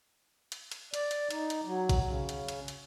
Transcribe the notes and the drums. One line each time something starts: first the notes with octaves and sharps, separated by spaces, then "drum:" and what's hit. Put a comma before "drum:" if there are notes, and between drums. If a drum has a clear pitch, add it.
drum: hi-hat
drum: hi-hat
D5, drum: hi-hat
drum: hi-hat
D#4, drum: hi-hat
drum: hi-hat
F#3
drum: kick A#1, hi-hat
C#3
drum: hi-hat
drum: hi-hat
drum: hi-hat